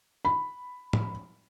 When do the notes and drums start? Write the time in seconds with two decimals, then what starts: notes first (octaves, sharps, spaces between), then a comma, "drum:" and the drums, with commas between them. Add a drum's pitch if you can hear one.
0.25 B5
0.93 drum: tom